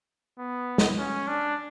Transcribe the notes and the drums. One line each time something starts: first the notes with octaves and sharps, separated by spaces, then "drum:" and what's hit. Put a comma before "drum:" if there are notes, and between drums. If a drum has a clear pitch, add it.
B3
drum: snare
C#4
D4